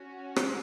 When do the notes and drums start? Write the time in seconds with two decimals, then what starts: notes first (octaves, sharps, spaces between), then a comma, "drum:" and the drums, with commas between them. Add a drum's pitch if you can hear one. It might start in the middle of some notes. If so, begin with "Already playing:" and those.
Already playing: C#4 F#4
0.36 drum: rim click